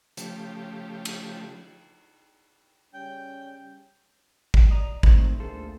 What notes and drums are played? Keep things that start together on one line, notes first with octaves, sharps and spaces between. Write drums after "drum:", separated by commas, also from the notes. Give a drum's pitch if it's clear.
C#3 F3 A3 G4, drum: hi-hat
drum: cymbal
C#3 G3 C#4 G5
drum: kick
D5 D#5 A#5
D#3 A3 C4, drum: kick
D2 A#3 F4 G#4 A4 C5